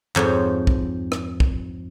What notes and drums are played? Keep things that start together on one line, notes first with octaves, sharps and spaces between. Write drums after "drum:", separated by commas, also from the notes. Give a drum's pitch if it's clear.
F2 G#2 C4 C#5 A#5, drum: clap
drum: kick
drum: rim click
drum: kick